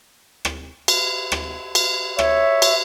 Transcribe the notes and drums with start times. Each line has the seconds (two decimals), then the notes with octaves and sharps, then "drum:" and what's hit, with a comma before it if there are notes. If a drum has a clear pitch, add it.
0.45 drum: rim click
0.88 drum: cymbal
1.32 drum: rim click
1.75 drum: cymbal
2.19 C#5 E5, drum: rim click
2.62 drum: cymbal